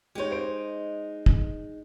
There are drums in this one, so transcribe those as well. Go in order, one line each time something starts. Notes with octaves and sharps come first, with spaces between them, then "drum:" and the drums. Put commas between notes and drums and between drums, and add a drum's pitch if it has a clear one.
G#3 D#4 G4 C#5
C5 D7
drum: kick